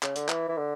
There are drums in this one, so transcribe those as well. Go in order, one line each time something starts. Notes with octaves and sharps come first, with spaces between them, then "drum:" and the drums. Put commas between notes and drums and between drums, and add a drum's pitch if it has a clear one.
C#3, drum: clap
D3, drum: hi-hat
E3, drum: clap
E3
D3